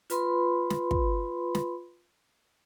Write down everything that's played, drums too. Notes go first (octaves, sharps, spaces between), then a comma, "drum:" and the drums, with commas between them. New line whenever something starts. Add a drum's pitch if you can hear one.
F4 B4 B5 C6, drum: hi-hat
drum: snare
drum: kick
drum: snare